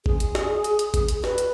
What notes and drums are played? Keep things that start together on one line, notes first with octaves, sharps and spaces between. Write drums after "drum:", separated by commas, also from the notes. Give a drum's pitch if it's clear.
G#4, drum: kick G#1
drum: hi-hat
drum: snare
drum: hi-hat
drum: hi-hat
drum: kick G#1, hi-hat
drum: hi-hat
B4, drum: snare
drum: hi-hat